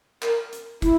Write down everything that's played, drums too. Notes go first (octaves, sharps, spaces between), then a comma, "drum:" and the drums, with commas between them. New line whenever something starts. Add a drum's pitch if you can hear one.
A#4, drum: clap
drum: hi-hat
E4, drum: kick, hi-hat